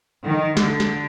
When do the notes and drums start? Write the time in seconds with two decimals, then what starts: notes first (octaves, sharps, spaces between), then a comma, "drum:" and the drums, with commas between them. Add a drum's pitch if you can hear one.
0.24 D#3
0.57 D3, drum: snare
0.80 drum: snare